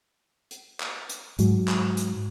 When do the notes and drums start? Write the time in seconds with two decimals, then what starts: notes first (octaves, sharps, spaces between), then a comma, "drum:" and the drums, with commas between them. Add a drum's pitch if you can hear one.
0.51 drum: hi-hat
0.80 drum: clap
1.09 drum: hi-hat
1.39 G#2 F#3, drum: hi-hat
1.68 drum: clap
1.97 drum: hi-hat